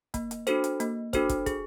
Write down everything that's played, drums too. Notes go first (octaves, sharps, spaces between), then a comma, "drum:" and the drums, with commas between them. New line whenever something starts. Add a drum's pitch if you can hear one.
A#3, drum: kick, hi-hat
drum: hi-hat
D4 F#4 A4 C5, drum: hi-hat
drum: hi-hat
A#3, drum: hi-hat
D4 F#4 A4 C5, drum: kick, hi-hat
drum: kick, hi-hat
G#4, drum: kick, hi-hat